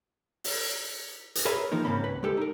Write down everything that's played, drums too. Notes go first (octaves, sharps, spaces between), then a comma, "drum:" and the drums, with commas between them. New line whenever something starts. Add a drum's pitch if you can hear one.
drum: open hi-hat
drum: hi-hat
G#4 A#4 B4 C#5 E5
D#3 F3 A#3 D#4
G#2 C#3 A#3 C4 C#4 B5
C#2 B4
G#3 G4 A4
D#4 A#4